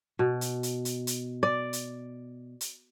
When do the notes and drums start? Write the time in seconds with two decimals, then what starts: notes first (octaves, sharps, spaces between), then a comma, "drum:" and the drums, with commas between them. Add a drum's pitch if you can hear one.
0.19 B2
0.41 drum: hi-hat
0.63 drum: hi-hat
0.85 drum: hi-hat
1.07 drum: hi-hat
1.43 D5
1.73 drum: hi-hat
2.61 drum: hi-hat